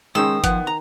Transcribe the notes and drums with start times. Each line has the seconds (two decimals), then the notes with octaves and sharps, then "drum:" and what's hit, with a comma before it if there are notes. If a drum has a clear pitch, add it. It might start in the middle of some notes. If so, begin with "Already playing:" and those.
0.15 D#3 G#3 C#4 C5 D#6 E6
0.44 F3 B3, drum: kick G1, hi-hat
0.67 A#5